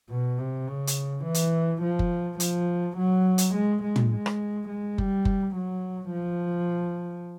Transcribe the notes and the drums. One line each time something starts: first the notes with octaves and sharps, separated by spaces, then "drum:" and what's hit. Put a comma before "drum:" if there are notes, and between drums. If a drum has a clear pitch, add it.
B2
C3
C#3
drum: hi-hat
E3
drum: hi-hat
F3
drum: kick F#1
F3, drum: hi-hat
F#3
drum: hi-hat
G#3
G#3
drum: tom
G#3
drum: rim click
G#3
G3, drum: kick F#1
drum: kick F#1
F#3
F3